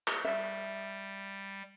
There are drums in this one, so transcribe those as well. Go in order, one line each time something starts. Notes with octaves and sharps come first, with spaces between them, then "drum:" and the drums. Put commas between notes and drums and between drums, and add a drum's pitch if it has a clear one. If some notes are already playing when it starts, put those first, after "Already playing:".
drum: clap
G3 E5